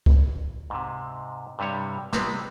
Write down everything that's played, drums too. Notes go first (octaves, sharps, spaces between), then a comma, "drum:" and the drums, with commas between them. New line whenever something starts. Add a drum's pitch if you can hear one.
drum: kick
G#2 C3
G2 C3 G3 C#5
C3 G3 G#3 B3 C4, drum: snare